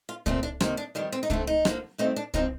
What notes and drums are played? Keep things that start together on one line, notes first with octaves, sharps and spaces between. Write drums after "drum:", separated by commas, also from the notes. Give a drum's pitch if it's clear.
F4
A#2 A3 C4 D4, drum: kick
D4
C3 D#3 A#3 C4, drum: rim click
D4
F2 D#3 G3 D4
C4
D#4
F2 D3 A3 C4 D4, drum: kick
D#4
D3 F3 A#3, drum: rim click
G2 D#3 A3 C4 D#4
D4
G2 F3 C4 D#4, drum: kick